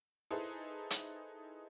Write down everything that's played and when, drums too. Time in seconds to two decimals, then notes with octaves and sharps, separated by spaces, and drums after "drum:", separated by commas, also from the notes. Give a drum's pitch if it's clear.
0.31 D#4 E4 G#4 A4 B4 C5
0.90 drum: hi-hat